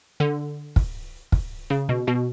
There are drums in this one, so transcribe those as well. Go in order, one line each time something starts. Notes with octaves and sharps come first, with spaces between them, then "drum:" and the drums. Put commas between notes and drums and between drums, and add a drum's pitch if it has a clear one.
D3
drum: kick
drum: kick
C#3
B2
B2